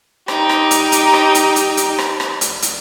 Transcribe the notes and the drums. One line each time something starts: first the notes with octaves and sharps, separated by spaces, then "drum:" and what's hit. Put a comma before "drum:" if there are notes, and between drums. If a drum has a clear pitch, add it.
D#4 G4, drum: rim click
drum: rim click
drum: hi-hat
drum: hi-hat
drum: rim click
drum: hi-hat
drum: hi-hat
drum: hi-hat
drum: rim click
drum: rim click
drum: hi-hat
drum: hi-hat